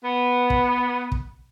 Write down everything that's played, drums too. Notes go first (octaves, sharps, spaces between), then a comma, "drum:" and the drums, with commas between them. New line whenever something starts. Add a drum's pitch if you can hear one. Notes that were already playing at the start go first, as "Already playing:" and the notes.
B3
drum: kick
drum: kick